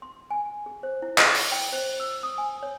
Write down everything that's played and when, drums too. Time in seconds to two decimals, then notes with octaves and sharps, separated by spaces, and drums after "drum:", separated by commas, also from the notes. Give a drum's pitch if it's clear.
0.02 C6
0.31 G#5
0.66 G#4
0.83 C5
1.02 E4
1.18 B4, drum: clap
1.34 drum: open hi-hat
1.52 G5
1.73 C5
2.00 E6
2.23 D#6
2.38 G#5
2.63 C#5